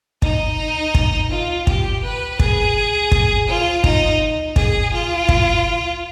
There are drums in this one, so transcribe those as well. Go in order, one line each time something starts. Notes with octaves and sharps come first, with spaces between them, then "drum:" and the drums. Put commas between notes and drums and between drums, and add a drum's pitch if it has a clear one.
D#4, drum: kick
drum: kick
F4
G4, drum: kick
B4
G#4, drum: kick
drum: kick
F4
D#4, drum: kick
G#4, drum: kick
F4
drum: kick